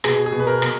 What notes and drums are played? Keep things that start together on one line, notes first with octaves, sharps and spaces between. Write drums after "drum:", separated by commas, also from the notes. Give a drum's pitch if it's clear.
B2 G#4, drum: rim click
G#4
B2
B4
A#4
B2, drum: rim click